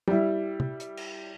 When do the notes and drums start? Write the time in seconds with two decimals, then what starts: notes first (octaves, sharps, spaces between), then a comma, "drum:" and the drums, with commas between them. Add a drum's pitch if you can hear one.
0.08 G3 E4, drum: tom
0.60 drum: tom
0.80 drum: hi-hat
0.97 drum: cymbal